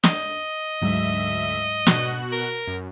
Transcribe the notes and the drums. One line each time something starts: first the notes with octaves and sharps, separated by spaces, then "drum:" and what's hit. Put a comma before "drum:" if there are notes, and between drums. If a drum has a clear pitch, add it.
D#5, drum: snare
D2 G#2 F#3 G#3 E5
B2 F#4 F#6, drum: snare
A#4
F#2